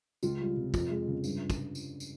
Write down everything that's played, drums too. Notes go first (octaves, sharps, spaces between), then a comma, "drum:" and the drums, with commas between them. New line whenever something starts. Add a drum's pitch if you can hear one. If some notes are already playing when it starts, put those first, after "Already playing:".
C#2 F4, drum: tambourine
G3
C3
F2, drum: kick, tambourine
G#3
C#3
G2, drum: tambourine
drum: kick, tambourine
drum: tambourine
drum: tambourine